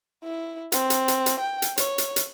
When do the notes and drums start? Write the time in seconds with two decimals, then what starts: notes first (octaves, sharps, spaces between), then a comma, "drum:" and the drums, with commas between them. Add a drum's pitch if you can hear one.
0.24 E4
0.72 C4, drum: hi-hat
0.90 drum: hi-hat
1.08 drum: hi-hat
1.26 drum: hi-hat
1.40 G5
1.62 drum: hi-hat
1.77 C#5, drum: hi-hat
1.98 drum: hi-hat
2.16 drum: hi-hat